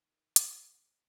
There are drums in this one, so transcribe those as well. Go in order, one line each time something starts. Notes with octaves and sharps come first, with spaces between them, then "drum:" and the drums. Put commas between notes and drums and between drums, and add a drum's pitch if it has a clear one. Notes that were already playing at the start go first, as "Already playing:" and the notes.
Already playing: D#3
C#3, drum: hi-hat